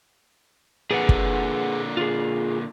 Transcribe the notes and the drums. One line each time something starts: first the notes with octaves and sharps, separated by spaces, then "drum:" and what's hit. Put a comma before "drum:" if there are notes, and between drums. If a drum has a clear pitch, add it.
A#2 D3 G#4 B4 F#5
drum: kick
F4 G#4